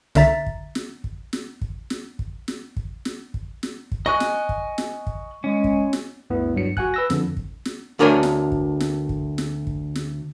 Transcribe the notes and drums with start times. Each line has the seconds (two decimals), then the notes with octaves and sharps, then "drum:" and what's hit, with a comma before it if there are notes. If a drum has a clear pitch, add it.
0.15 C2 D3 E5 A#5 A6 B6, drum: snare
0.46 drum: kick
0.75 drum: snare
1.04 drum: kick
1.33 drum: snare
1.61 drum: kick
1.90 drum: snare
2.19 drum: kick
2.48 drum: snare
2.77 drum: kick
3.05 drum: snare
3.34 drum: kick
3.63 drum: snare
3.92 drum: kick
4.06 D#5 G#5 C#6 F#6
4.20 drum: snare
4.49 drum: kick
4.78 drum: snare
5.07 drum: kick
5.44 G#3 C#4
5.64 drum: kick
5.93 drum: snare
6.30 G1 D2 B3 E4
6.54 G2 F#3 C#7
6.77 F#4 F#5 G#5 F#6, drum: kick
6.94 B4 E6 A#6
7.10 F2 D3 F3, drum: snare
7.37 drum: kick
7.65 drum: snare
7.99 D2 D4 A#4 C#5 G#5
8.23 drum: snare
8.52 drum: kick
8.80 drum: snare
9.09 drum: kick
9.38 drum: snare
9.67 drum: kick
9.95 drum: snare